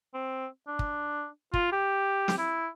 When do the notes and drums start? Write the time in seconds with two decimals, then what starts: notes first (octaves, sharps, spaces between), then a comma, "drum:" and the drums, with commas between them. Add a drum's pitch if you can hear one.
0.14 C4
0.68 D4
0.79 drum: kick
1.54 F4, drum: kick
1.72 G4
2.28 drum: snare
2.38 E4